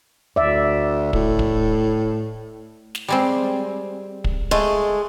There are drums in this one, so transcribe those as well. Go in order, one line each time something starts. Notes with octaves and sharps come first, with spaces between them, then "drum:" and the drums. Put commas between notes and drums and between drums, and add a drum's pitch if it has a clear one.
D2 D5 E5
A2, drum: kick
drum: kick
drum: snare
G3 G#3 C4
drum: kick
G#3 A3